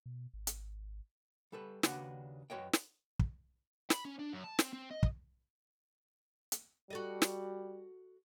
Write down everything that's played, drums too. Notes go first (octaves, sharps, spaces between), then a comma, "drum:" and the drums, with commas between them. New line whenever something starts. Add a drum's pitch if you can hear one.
B2
G#1
drum: hi-hat
G3 A4 B4
D#2 C#3 D4 F#4 B4 F#5, drum: snare
F#2 F#4 B4 C#5 D#5 G5
drum: snare
drum: kick
B5, drum: snare
C#4
D4
F#2
A5
C4, drum: snare
C4
D#5
drum: kick
drum: hi-hat
G3 F#4 A4 D#5
drum: snare